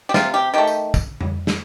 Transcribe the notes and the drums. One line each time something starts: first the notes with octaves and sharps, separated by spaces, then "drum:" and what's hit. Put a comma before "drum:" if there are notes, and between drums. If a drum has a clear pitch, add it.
G4
C3 F4, drum: snare
G4
D#3 A3 G4
drum: tambourine
drum: kick, tambourine
drum: tom F2
drum: snare